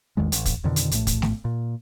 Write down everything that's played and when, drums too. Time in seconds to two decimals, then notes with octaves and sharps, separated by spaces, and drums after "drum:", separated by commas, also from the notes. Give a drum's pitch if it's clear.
0.17 A1 E2 D#3 G#3
0.32 A1, drum: hi-hat
0.45 drum: kick, hi-hat
0.64 F2 B2 D3 D#3
0.76 drum: hi-hat
0.91 A#1 A2 A3, drum: hi-hat
1.07 drum: kick, hi-hat
1.22 drum: snare A3
1.45 A#2